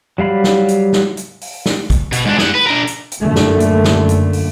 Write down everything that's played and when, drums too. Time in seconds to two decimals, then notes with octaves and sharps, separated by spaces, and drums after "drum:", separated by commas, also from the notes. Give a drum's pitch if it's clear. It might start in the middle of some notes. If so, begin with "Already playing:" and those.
0.18 F#3 G3 F5 B5
0.44 drum: snare
0.68 drum: hi-hat
0.93 drum: snare
1.17 drum: hi-hat
1.41 drum: open hi-hat
1.66 drum: snare
1.90 drum: kick, hi-hat
2.12 B2, drum: hi-hat
2.26 G#2 D4
2.39 G#4 F#5, drum: snare
2.55 B4
2.67 D4 A#4
2.87 drum: hi-hat
3.12 drum: hi-hat
3.21 F#2 A#2 D3 A3
3.36 drum: snare
3.60 drum: hi-hat
3.84 drum: snare
4.09 drum: hi-hat
4.33 drum: open hi-hat